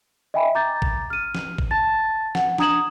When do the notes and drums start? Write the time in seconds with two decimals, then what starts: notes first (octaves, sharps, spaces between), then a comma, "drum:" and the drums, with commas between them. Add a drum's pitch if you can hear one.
0.34 D#5 E5 G5 G#5 B5
0.55 A#5 D6 G6 A6
0.82 drum: kick A1
1.10 F6 D#7
1.35 drum: snare
1.58 drum: kick A1
1.71 A5 A6
2.35 F#5, drum: snare
2.58 D4 A#5 D#6 G#6 E7 F#7, drum: snare